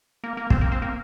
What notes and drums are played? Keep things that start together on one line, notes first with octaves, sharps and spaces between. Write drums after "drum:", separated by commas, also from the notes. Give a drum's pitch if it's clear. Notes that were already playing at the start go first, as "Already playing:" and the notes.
A#3
A#3
C4, drum: kick
A#3
C4
A#3